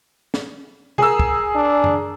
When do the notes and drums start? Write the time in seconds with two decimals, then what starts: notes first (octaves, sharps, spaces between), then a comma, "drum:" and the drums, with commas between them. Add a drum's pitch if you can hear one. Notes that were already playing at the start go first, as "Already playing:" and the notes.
0.34 drum: snare
0.98 G#4 A#4 E6, drum: tom C3
1.20 drum: kick
1.56 D4
1.84 drum: tom F#2